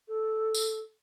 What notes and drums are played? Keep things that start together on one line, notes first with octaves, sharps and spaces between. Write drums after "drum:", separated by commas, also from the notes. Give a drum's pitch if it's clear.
A4
drum: tambourine